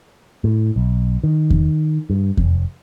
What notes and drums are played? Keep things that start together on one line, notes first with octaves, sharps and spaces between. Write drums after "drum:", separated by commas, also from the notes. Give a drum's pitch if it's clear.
A2
B1
D#3
drum: kick E2
G2
F1, drum: kick E2